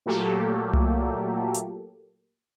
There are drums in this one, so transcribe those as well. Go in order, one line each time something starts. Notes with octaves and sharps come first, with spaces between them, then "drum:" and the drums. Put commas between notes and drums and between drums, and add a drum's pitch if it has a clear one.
A#2 F#3 A3 A#3 G4 A4
drum: tom C2
drum: hi-hat